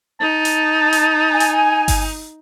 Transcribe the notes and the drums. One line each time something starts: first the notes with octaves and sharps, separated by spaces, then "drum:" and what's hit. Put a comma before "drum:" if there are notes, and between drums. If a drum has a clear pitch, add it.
D#4 A5
drum: hi-hat
drum: hi-hat
G#5
drum: hi-hat
drum: kick G1, open hi-hat